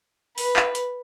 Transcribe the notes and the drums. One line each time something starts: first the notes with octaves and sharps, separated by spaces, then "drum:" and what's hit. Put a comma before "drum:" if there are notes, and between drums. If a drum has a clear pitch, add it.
B4, drum: open hi-hat
drum: clap
drum: hi-hat